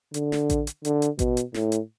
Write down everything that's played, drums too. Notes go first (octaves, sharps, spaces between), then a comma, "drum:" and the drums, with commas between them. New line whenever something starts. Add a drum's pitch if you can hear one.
D3, drum: hi-hat
drum: snare
drum: kick A1, hi-hat
drum: hi-hat
D3, drum: hi-hat
drum: hi-hat
B2, drum: kick A1, hi-hat
drum: hi-hat
A2, drum: snare
drum: hi-hat